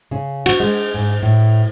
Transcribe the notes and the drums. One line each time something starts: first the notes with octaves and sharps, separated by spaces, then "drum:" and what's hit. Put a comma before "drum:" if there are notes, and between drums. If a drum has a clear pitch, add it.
C#3
F#4, drum: cymbal
G#3
G#2
A2